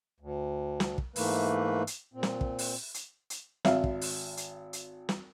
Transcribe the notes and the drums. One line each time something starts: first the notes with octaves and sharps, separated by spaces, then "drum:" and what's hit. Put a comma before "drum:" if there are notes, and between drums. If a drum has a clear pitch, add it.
D2
drum: snare
drum: kick
G#2 E3 A3 A#3 B4, drum: open hi-hat
drum: hi-hat
A#2 C4
drum: snare
drum: kick
drum: open hi-hat
drum: hi-hat
drum: hi-hat
G#1 E5 F5, drum: snare
drum: kick
drum: open hi-hat
drum: hi-hat
drum: hi-hat
drum: snare